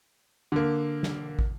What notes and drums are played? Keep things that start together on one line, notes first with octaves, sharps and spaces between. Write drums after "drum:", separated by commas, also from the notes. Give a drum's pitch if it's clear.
D3 A#3
drum: snare
drum: kick